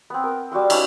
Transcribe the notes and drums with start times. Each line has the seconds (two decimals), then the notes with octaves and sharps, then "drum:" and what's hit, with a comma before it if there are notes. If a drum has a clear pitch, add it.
0.10 B3 C4
0.24 A#4
0.51 G3 F#4 F5 C6
0.70 C#4 D#4 E4, drum: cymbal